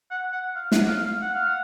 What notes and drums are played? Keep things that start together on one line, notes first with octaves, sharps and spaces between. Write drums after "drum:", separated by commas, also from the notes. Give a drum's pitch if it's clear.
F#5
F#5
F5
F#5, drum: snare
F5
F5
F#5
F5
F#5